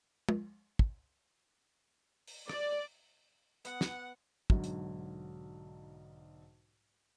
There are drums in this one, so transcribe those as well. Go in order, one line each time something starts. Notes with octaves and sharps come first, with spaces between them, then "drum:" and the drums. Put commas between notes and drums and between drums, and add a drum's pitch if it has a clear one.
drum: tom
drum: kick
drum: open hi-hat
D5, drum: rim click
B3 F#5, drum: hi-hat
drum: snare
B1 G#2 D3 F#3, drum: kick
drum: hi-hat